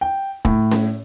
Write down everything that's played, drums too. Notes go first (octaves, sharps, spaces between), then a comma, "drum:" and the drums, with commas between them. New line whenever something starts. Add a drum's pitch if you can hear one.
G5
A2, drum: kick
drum: snare C#4